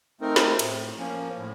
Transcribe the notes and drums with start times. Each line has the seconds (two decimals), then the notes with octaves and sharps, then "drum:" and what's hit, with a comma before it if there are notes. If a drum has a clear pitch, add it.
0.21 A3 C4 D#4 A#4
0.36 drum: snare
0.59 A2, drum: cymbal
0.98 F3 A#3 C#4
1.36 A2